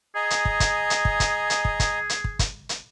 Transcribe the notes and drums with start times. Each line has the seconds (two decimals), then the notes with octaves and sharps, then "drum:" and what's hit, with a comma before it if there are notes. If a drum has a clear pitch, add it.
0.15 G#4 D#5 G#5 A#5
0.30 drum: hi-hat
0.45 drum: kick
0.60 drum: kick, hi-hat
0.90 drum: hi-hat
1.05 drum: kick
1.20 drum: kick, hi-hat
1.50 drum: hi-hat
1.65 drum: kick
1.80 drum: kick, hi-hat
2.09 drum: hi-hat
2.24 drum: kick
2.39 drum: kick, hi-hat
2.69 drum: hi-hat